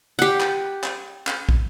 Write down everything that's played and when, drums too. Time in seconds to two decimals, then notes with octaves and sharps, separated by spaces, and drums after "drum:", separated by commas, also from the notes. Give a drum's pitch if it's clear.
0.19 G4 F#5
0.40 drum: clap
0.84 drum: clap
1.27 drum: clap
1.49 drum: kick